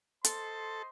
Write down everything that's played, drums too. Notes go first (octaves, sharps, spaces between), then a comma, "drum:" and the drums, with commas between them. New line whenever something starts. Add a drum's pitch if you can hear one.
A4 C5 D#5 C6, drum: hi-hat